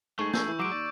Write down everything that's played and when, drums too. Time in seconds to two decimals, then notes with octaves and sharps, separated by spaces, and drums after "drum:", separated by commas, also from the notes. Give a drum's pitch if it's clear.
0.19 G#2 A3 G#4 C#6
0.33 A#1 E6 G6, drum: snare
0.48 E3
0.60 F#3 G#3 D6 D7
0.72 D#2 D5